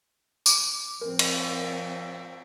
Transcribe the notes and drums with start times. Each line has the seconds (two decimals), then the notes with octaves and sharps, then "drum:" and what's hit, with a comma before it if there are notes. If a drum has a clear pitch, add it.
0.46 D6, drum: tambourine
1.01 F3 C4 A#4
1.19 drum: cymbal